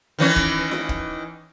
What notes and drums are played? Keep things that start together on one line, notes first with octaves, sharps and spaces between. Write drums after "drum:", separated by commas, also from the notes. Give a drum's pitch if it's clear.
D#3 E3 C#4
drum: kick
drum: snare F4
drum: kick